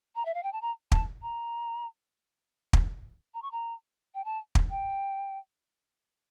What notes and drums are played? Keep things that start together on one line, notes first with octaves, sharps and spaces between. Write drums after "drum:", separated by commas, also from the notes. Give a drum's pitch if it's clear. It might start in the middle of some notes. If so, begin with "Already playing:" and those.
A#5
E5
F5
G5
A5
A#5
A5, drum: kick
A#5
drum: kick
A#5
C#6
A#5
G5
A5
drum: kick
G5